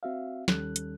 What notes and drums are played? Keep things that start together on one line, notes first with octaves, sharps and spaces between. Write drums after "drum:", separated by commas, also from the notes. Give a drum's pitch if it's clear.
C4 F#4 E5 F5
D#2 D#3 G3 C#4 A4 F#6, drum: snare
drum: hi-hat